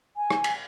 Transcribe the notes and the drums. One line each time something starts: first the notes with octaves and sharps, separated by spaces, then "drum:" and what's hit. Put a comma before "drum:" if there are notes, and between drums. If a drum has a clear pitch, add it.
G#5
drum: rim click
drum: cymbal